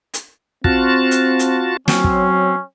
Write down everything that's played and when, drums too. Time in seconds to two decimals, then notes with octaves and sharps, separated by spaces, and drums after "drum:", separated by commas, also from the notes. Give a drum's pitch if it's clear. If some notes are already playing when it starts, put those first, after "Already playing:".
0.14 drum: hi-hat
0.64 C4 F4 F#4 A5, drum: kick
1.11 drum: hi-hat
1.39 drum: hi-hat
1.88 F#3 C4 C#4, drum: snare
2.04 drum: kick